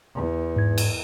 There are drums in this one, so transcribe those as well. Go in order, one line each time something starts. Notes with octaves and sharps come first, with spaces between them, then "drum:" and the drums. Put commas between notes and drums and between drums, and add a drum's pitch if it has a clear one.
E2
G#2 G#6
drum: cymbal